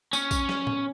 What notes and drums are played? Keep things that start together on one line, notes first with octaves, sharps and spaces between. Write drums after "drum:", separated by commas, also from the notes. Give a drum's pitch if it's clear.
C#4, drum: tambourine
drum: kick A#1, tambourine
drum: snare
drum: tom